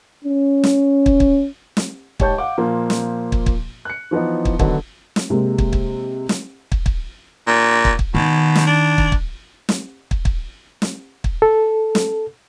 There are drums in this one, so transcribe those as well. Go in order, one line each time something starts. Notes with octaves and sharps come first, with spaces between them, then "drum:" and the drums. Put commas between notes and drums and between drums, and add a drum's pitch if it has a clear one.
C#4
drum: snare
drum: kick
drum: kick
drum: snare
G#2 G4 C#5 A5 G6, drum: kick
F5 F#5 D6
A#2 F3 A#3
drum: snare
drum: kick
drum: kick
F#6 C#7
E3 F3 B3 D#4
drum: kick
D3 D#3 F#3 B3, drum: kick
drum: snare
C3 G#3 A#3
drum: kick
drum: kick
drum: snare
drum: kick
drum: kick
A#2
drum: kick
drum: kick
B2 D#3
drum: snare
D4
drum: kick
drum: kick
drum: snare
drum: kick
drum: kick
drum: snare
drum: kick
A4
drum: snare